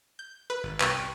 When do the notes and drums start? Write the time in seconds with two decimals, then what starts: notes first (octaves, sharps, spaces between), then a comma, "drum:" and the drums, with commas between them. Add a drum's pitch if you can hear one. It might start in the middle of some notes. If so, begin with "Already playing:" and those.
0.19 G6
0.50 B4
0.64 G#1
0.80 C2 B4 G5 C#6, drum: clap